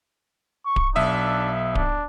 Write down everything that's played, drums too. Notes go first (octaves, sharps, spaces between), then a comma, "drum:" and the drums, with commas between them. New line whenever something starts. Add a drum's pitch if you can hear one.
C#6
drum: kick D1
B1 D4 E5 D#6
D4, drum: kick D1